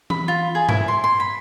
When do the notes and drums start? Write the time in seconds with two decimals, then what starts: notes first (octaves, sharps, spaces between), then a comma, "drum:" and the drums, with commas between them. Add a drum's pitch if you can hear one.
0.10 B5, drum: tom E3
0.28 F4
0.55 G#4
0.69 E4, drum: tom G2
0.88 C6
1.04 C6
1.20 B5